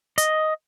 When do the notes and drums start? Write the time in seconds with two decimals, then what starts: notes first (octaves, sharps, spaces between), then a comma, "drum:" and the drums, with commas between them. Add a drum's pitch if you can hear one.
0.18 D#5, drum: hi-hat